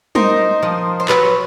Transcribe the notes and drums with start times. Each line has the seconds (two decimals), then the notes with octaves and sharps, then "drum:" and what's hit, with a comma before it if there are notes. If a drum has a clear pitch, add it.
0.15 D#4 A#4 C5, drum: tom
0.63 F3
1.00 C5
1.09 F#3 B4 C#5, drum: clap